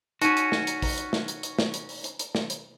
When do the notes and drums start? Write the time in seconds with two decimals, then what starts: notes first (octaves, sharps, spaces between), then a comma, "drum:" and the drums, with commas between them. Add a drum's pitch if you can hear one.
0.22 C#4 D#4 F#4 D#7, drum: hi-hat
0.37 drum: hi-hat
0.52 drum: snare
0.67 drum: hi-hat
0.82 drum: kick A1, open hi-hat
0.98 drum: hi-hat
1.13 drum: snare
1.28 drum: hi-hat
1.43 drum: hi-hat
1.59 drum: snare
1.74 drum: hi-hat
1.89 drum: open hi-hat
2.04 drum: hi-hat
2.19 drum: hi-hat
2.35 drum: snare
2.50 drum: hi-hat